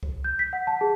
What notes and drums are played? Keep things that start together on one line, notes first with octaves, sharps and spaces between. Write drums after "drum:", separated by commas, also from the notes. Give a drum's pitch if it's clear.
drum: kick C2
G6
B6
F#5
A5
G#4